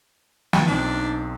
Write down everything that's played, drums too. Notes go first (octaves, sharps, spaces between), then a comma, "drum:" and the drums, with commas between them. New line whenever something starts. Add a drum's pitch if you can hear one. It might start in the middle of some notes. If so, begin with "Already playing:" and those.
drum: snare
B1 C4 D4 D#4